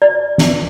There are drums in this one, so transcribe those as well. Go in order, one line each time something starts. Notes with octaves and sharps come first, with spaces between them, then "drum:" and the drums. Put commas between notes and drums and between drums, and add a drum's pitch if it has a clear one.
D5
drum: snare